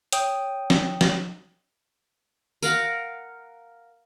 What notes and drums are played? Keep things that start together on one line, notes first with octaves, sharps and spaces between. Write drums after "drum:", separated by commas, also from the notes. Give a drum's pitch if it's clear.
C#5 G5 D#6, drum: hi-hat
drum: snare
drum: snare
A#4 F5 F#5, drum: tambourine